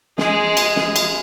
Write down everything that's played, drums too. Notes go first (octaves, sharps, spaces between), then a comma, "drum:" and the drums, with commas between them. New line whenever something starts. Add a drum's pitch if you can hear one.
G#3 G#4, drum: snare
drum: cymbal
drum: snare
drum: cymbal